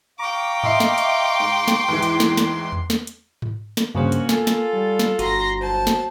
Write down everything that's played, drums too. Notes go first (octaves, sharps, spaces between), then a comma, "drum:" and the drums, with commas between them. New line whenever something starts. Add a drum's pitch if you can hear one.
F5 G5 A#5 C#6 D6
D#5 E5 C6, drum: tom G#2
drum: snare
drum: hi-hat
G#2
drum: snare
E2 G#2 E3
drum: hi-hat
drum: snare
drum: snare
drum: tom E2
drum: snare
drum: hi-hat
drum: tom G#2
drum: snare
G2 C#3 A#3 C#4 F#4 C5
drum: hi-hat
F4 A4 G#5, drum: snare
drum: snare
G3
drum: snare
G1 F#4 A#5 C6 A#6, drum: hi-hat
F#3 C5 A5
drum: snare